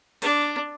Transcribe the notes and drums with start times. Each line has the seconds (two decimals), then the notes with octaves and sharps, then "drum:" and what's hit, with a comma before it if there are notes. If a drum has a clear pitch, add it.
0.22 D4, drum: open hi-hat